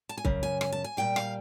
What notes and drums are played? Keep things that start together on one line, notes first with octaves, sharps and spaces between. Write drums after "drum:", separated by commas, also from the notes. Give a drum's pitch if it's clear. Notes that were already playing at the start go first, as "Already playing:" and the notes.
A5
G#5
F#2 C#3, drum: kick C2
G#5
G#5, drum: rim click
A5
G#5
A#2 G3 G5
F5, drum: rim click